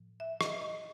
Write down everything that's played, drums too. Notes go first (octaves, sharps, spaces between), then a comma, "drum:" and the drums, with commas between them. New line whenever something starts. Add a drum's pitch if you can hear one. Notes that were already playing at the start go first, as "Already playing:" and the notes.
Already playing: A2 F3
E5
D#5, drum: rim click
D#5